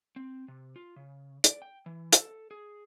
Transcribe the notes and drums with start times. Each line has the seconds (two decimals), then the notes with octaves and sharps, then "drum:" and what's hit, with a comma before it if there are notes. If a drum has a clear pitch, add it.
0.16 C4
0.48 C3
0.76 F4
0.96 C#3
1.44 D5, drum: hi-hat
1.62 G5
1.86 E3
2.13 A4, drum: hi-hat
2.51 G#4